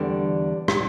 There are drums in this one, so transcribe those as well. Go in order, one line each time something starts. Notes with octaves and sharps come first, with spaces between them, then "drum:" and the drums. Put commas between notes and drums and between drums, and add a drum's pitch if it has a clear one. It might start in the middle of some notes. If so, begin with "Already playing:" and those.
Already playing: E2 D3 G3 D4
drum: rim click